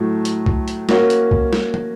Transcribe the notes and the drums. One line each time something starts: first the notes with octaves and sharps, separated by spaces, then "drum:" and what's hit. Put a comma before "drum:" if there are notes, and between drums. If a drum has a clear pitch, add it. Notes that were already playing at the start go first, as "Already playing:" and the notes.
Already playing: A2 F#3 A3
drum: hi-hat
drum: kick C2
drum: hi-hat
A#3 C#4 F#4, drum: snare
drum: hi-hat
drum: kick C2
drum: snare
drum: tom